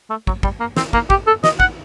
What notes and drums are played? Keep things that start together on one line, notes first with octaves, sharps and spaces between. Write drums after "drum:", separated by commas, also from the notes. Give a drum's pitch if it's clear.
A3
F#3, drum: kick
G3, drum: kick
A#3
C4, drum: snare
A#3, drum: kick
G4, drum: kick
A4
D#5, drum: snare
F#5, drum: kick